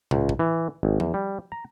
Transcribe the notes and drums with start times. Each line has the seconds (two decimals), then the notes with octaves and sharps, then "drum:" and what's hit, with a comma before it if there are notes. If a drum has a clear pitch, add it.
0.11 C#2, drum: tom A2
0.29 drum: kick
0.39 E3
0.83 G#1
1.00 E2, drum: tom F3
1.14 G3
1.52 A#5